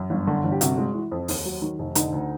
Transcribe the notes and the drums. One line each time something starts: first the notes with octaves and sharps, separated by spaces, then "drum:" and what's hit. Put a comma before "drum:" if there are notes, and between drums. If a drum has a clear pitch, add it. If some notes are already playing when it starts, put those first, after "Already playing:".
Already playing: F#2
G1
D3
G1
G4
C3 F#4, drum: hi-hat
G#3
E3
F2
D#2, drum: open hi-hat
F#3
D#3
F1
D3 D#4, drum: hi-hat
D2